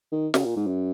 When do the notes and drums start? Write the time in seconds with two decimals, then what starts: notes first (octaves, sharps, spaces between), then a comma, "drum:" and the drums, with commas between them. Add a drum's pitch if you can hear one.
0.12 D#3
0.34 C#3, drum: snare
0.45 A#2
0.56 G#2
0.67 F#2